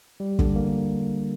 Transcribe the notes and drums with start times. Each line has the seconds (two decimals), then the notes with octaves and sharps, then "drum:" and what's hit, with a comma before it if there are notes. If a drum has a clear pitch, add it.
0.20 G3
0.39 D3, drum: kick
0.56 A#3